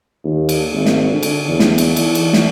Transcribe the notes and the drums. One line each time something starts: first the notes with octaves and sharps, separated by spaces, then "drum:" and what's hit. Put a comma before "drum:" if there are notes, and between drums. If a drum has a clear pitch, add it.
D#2
drum: cymbal
G#1
drum: snare
D3
drum: cymbal
E2
drum: snare
drum: cymbal
E3, drum: cymbal
drum: cymbal
drum: snare